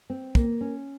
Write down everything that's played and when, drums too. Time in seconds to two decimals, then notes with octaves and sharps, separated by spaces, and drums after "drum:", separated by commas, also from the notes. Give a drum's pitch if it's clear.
0.10 C4
0.35 A#3, drum: kick
0.61 C#4